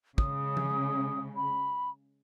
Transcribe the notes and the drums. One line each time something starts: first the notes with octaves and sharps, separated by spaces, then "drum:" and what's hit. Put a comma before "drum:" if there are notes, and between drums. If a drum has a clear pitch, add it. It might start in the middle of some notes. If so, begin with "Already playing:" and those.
C#3 G#3 D#6, drum: kick
drum: tom F3
B5